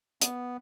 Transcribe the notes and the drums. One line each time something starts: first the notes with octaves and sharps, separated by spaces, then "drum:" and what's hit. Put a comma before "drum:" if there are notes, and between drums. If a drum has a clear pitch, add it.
B3, drum: hi-hat